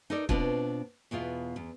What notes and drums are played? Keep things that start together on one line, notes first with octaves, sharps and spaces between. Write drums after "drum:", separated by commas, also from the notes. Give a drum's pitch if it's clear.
D#4 A4 A#4 D5
B2 B3 C4 D4 F4, drum: kick
E2 B2 E4 F4
E2